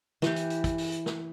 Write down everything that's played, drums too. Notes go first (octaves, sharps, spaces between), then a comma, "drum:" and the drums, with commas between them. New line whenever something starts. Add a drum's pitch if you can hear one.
E3 G4, drum: snare
drum: hi-hat
drum: hi-hat
drum: kick, hi-hat
drum: open hi-hat
drum: hi-hat
drum: snare